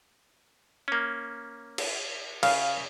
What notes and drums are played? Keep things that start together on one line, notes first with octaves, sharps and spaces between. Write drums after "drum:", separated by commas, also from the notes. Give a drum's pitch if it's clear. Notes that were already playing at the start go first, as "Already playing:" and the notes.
A#3 C#4
drum: cymbal
C#3 F5, drum: cymbal